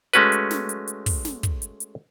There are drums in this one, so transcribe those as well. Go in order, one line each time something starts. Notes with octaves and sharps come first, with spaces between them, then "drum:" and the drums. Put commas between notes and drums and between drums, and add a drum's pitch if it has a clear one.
G#3 A3 C#4 F#4 B4, drum: hi-hat
drum: hi-hat
drum: snare
drum: hi-hat
drum: hi-hat
drum: kick, open hi-hat
drum: snare
drum: kick, hi-hat
drum: hi-hat
drum: hi-hat